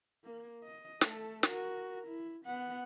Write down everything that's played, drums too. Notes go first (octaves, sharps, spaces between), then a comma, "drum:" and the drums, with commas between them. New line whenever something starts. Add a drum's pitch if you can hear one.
A#3
D#5
A3 A4, drum: snare
F#4 A#4, drum: snare
E4
B3 F#5